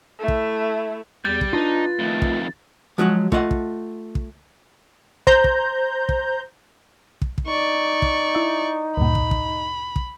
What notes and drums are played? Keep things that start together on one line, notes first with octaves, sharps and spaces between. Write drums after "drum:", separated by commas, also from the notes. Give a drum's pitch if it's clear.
A3 E4
drum: kick
E2 G3 G6 A6
drum: kick
D4 D#4 F4 B4
F2 D#3 A3
drum: kick
F3 F#3 G#3 F#4
A3 F4 D#5 F#5, drum: kick
drum: kick
drum: kick
C5 A#5 G6, drum: kick
drum: kick
drum: kick
drum: kick
drum: kick
D#4 D5 C#6
drum: kick
E4 E5
D2 G2 A#2 B5
drum: kick
drum: kick
drum: kick